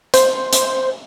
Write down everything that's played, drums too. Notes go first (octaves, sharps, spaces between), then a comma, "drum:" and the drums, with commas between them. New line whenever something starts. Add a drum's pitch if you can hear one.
C5, drum: hi-hat
drum: hi-hat